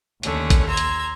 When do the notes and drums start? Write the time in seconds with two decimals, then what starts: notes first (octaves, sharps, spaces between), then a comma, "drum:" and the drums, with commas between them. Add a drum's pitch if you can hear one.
0.23 D#2 D3 A3 C#4, drum: hi-hat
0.50 drum: kick A1, hi-hat
0.68 A#5 C6 E6 G#6
0.77 drum: hi-hat